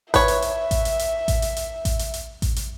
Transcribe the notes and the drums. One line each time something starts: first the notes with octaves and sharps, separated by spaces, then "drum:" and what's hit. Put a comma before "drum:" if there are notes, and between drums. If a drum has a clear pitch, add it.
B4 C#5 E5, drum: kick A1, hi-hat
drum: hi-hat
drum: hi-hat
drum: kick A1, hi-hat
drum: hi-hat
drum: hi-hat
drum: kick A1, hi-hat
drum: hi-hat
drum: hi-hat
drum: kick A1, hi-hat
drum: hi-hat
drum: hi-hat
drum: kick A1, hi-hat
drum: hi-hat